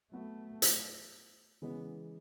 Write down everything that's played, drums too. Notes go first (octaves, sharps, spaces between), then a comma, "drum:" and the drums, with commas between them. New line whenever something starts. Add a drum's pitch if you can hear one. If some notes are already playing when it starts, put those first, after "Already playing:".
F#3 A3 B3 F#4
drum: hi-hat
C#3 E3 G#3 B3